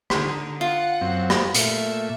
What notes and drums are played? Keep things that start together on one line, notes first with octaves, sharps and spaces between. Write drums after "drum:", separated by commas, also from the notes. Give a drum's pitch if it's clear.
D3 D#4, drum: rim click
F4 F#5
F#2 C4
drum: rim click
A#2 A3 E5, drum: hi-hat